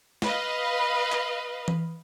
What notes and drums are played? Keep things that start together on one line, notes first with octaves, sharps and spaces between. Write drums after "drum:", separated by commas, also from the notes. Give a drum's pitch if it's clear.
B4 D#5 F5, drum: snare
drum: clap
drum: tom E3